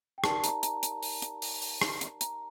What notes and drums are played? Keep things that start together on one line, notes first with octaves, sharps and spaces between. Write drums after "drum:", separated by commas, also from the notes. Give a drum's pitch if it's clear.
G5
D#4 G4 A#4 D5 A5, drum: rim click
A5
A#5, drum: hi-hat
A#5, drum: hi-hat
drum: hi-hat
drum: open hi-hat
drum: hi-hat
drum: open hi-hat
drum: open hi-hat
drum: rim click
drum: hi-hat
A#5, drum: hi-hat